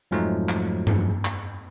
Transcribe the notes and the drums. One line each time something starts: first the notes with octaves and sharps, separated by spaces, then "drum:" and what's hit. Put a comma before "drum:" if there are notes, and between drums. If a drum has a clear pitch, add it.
F2 G#2 F3 F#3 A3 D#4
drum: clap
drum: tom G2
drum: clap